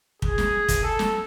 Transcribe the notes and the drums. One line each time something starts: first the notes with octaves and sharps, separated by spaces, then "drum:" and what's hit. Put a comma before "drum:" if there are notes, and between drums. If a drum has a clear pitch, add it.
G#4, drum: kick
drum: snare
drum: kick, hi-hat
A4
drum: snare